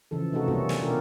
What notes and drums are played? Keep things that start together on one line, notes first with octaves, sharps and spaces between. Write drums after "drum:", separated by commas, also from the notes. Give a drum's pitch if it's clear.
C#3 E3 F3 A4
C3 A3 D#4 F4 F#4 A4
G3 A#3 C#4 F#4 A4, drum: kick
drum: snare
B2 D4 F4 G4 A4 A#4